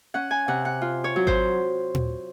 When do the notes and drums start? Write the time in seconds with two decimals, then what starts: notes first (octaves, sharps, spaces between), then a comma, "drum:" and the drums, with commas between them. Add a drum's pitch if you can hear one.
0.14 C#4 F#5
0.31 G#5
0.48 C3 F#5
0.65 F#5
0.82 F4
1.04 C#5
1.16 F#3
1.27 C5, drum: kick G#1
1.95 drum: tom A#2